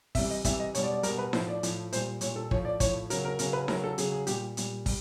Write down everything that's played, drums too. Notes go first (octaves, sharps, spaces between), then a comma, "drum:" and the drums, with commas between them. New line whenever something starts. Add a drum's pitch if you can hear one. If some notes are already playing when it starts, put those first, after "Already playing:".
C3 E3 G3 E5, drum: kick, open hi-hat
D#5
C3 E3 G3 E5, drum: kick, hi-hat
D#5
B2 G3 C#5, drum: hi-hat
D5
D5
B2 G3 A#4, drum: hi-hat
B4
A2 F3 C5, drum: snare D#4
D5
A2 F3, drum: hi-hat
A#2 G3 C5, drum: hi-hat
A#2 G3 C#5, drum: hi-hat
A4
A2 F3 C#5, drum: kick
D5
A2 F3 C#5, drum: kick, hi-hat
C#3 F#3 A#4, drum: hi-hat
A#4
C#3 F#3 A#4, drum: hi-hat
B4
C#3 F#3 A#4, drum: snare D#4
A4
C#3 F#3 G#4, drum: hi-hat
G#4
A#2 G3 G4, drum: hi-hat
A#2 G3, drum: hi-hat
G3, drum: kick, open hi-hat